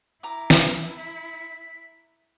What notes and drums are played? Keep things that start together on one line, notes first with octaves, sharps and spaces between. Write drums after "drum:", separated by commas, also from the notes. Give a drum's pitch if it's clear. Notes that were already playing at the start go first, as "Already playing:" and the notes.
E4 A#5 D6
drum: snare
B6